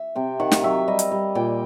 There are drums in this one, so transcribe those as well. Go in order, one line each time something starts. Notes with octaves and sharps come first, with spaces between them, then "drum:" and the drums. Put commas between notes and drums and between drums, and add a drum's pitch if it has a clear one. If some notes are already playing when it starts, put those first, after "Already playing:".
Already playing: E5
C3 G5
D#3 F#5
F5, drum: snare
F#3 E5
G3 D#5
drum: hi-hat
G3
A#2 G5